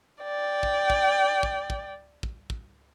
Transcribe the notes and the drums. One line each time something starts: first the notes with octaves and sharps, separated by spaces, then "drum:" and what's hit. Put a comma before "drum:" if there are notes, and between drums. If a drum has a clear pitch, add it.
D5 G5
drum: kick
drum: kick
drum: kick
drum: kick
drum: kick
drum: kick